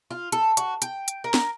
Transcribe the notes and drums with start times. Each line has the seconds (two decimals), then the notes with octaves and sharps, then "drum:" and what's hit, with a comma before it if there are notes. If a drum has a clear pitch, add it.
0.11 F4
0.32 A4, drum: hi-hat
0.57 F#4, drum: hi-hat
0.82 G5, drum: hi-hat
1.08 drum: hi-hat
1.24 A#4
1.34 drum: snare